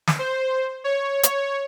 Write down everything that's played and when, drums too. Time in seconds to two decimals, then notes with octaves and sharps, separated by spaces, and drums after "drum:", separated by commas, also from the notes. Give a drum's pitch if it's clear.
0.08 drum: snare
0.19 C5
0.84 C#5
1.23 C#5, drum: hi-hat